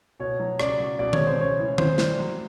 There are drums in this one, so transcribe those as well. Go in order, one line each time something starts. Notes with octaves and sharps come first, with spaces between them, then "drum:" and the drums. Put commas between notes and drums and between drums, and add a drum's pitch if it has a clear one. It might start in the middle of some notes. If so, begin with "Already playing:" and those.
B2 C#5
F#3
C#3 D5, drum: rim click
F#3
B2 D5
C#5, drum: tom D#3
G#3
C5
C#3 C#5
E3
E3 C5, drum: tom D#3
G3, drum: snare
F#3